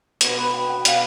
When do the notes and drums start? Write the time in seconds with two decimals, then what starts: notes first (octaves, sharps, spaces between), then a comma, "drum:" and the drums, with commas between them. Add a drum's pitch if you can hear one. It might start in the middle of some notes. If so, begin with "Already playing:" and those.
0.21 B2 B3 C5, drum: hi-hat
0.37 B4
0.54 G5
0.70 G5
0.85 B2 G3 B3 F5, drum: hi-hat